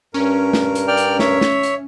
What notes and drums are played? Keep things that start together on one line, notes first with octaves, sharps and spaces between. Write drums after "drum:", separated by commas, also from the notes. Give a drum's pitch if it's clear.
G2 C#4 A#4
drum: snare
drum: hi-hat
D5 G5 F6
drum: hi-hat
C#5 E5, drum: snare
drum: snare
drum: hi-hat